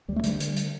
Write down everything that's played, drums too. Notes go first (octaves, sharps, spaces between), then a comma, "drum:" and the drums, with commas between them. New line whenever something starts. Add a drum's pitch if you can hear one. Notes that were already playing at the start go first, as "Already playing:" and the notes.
D2 G3
A3
D3 G3, drum: hi-hat
drum: hi-hat
drum: hi-hat